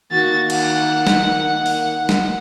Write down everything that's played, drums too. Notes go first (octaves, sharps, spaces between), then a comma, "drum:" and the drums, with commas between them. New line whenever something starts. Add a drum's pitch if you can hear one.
D#3 A#3 F#4 A6
F#5, drum: cymbal
drum: snare
drum: open hi-hat
drum: snare